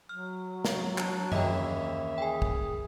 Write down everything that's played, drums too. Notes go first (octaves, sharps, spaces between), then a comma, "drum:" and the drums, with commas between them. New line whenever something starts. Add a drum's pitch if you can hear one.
F#3 F6
drum: snare
D4, drum: clap
D#2 C#3 E3 D#5 E5 G5, drum: tom F#2
G#4 G5 G#5
drum: kick